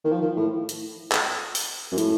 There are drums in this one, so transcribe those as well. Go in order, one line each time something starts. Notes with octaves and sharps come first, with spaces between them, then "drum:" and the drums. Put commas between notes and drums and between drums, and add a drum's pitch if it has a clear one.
D#3
F3
D#3
A2
drum: hi-hat
drum: clap
drum: open hi-hat
F#2
A2, drum: hi-hat